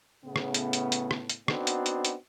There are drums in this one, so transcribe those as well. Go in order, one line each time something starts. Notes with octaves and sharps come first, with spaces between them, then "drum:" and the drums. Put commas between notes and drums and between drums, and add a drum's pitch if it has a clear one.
A2 C#3 B3
drum: rim click
drum: hi-hat
drum: hi-hat
drum: hi-hat
drum: rim click
drum: hi-hat
B3 C4 D4 D#4 F#4, drum: rim click
drum: hi-hat
drum: hi-hat
drum: hi-hat